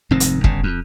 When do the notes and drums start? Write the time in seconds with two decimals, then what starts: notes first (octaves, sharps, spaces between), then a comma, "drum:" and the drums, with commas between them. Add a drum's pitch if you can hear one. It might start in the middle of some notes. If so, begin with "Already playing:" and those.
0.11 F1 G#2 D#3 C4
0.20 drum: hi-hat
0.44 G1 C#3, drum: kick E1
0.63 F2